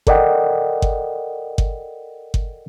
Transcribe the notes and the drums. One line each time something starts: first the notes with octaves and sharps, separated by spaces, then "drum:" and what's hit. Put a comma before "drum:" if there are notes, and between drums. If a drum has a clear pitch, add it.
A4 A#4 D5 D#5 F#5 G5, drum: kick G1
drum: kick G1
drum: kick G1
drum: kick G1